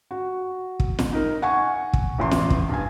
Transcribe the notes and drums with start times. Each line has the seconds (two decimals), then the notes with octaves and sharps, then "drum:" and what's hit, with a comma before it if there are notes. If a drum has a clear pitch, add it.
0.11 F#4
0.80 drum: kick
0.99 drum: snare
1.13 D#4 A#4
1.42 F#5 G#5 C#6
1.93 drum: kick
2.18 A1 E2 C6
2.31 drum: snare
2.50 drum: kick
2.69 G2 G#5